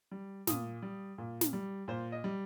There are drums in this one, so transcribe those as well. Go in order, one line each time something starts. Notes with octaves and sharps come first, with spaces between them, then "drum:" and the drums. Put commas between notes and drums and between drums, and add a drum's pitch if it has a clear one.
G3
A#2 D#6, drum: snare
G3
A#2
drum: snare
G3
A#2 C5
D#5
G3